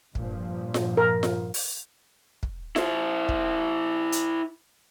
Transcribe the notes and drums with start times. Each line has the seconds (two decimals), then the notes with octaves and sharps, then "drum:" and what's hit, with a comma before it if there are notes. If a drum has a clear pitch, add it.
0.15 G2 A#2 F3, drum: kick
0.74 drum: snare F4
0.97 A#4
1.23 drum: snare F4
1.54 drum: open hi-hat
2.43 drum: kick
2.76 E4 C5, drum: snare F4
3.29 drum: kick
4.12 drum: hi-hat